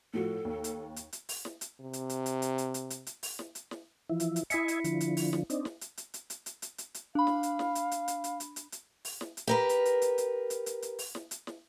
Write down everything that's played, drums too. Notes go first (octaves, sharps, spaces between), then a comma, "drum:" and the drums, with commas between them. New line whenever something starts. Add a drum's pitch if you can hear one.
A2 F3 F#4 A4
D#2
drum: hi-hat
drum: hi-hat
drum: hi-hat
drum: open hi-hat
drum: snare
drum: hi-hat
C3
drum: hi-hat
drum: hi-hat
drum: hi-hat
drum: hi-hat
drum: hi-hat
drum: hi-hat
drum: hi-hat
drum: hi-hat
drum: open hi-hat
drum: snare
drum: hi-hat
drum: snare
E3 F3 E4
drum: hi-hat
drum: hi-hat
E4 D#5 E5 G#5 B6 C#7, drum: hi-hat
drum: hi-hat
D3 F3, drum: hi-hat
drum: hi-hat
drum: open hi-hat
drum: snare
C4 D4 D#4, drum: hi-hat
drum: snare
drum: hi-hat
drum: hi-hat
drum: hi-hat
drum: hi-hat
drum: hi-hat
drum: hi-hat
drum: hi-hat
drum: hi-hat
D4 F5 B5
drum: snare
drum: hi-hat
drum: snare
drum: hi-hat
drum: hi-hat
drum: hi-hat
drum: hi-hat
drum: hi-hat
drum: hi-hat
drum: hi-hat
drum: open hi-hat
drum: snare
drum: hi-hat
G4 A#4 B4
drum: hi-hat
drum: hi-hat
drum: hi-hat
drum: hi-hat
drum: hi-hat
drum: hi-hat
drum: hi-hat
drum: open hi-hat
drum: snare
drum: hi-hat
drum: snare